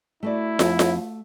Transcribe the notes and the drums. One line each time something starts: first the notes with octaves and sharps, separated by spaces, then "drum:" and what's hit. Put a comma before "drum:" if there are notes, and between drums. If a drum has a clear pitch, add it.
A3 E4 F#4 D5
F2, drum: snare
drum: snare